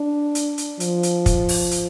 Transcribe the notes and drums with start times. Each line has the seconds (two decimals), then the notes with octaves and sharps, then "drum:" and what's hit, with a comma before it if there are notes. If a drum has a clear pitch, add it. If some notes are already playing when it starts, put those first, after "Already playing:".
Already playing: D4
0.35 drum: hi-hat
0.58 drum: hi-hat
0.80 F3, drum: hi-hat
1.03 drum: hi-hat
1.26 drum: kick, hi-hat
1.49 drum: open hi-hat
1.71 drum: hi-hat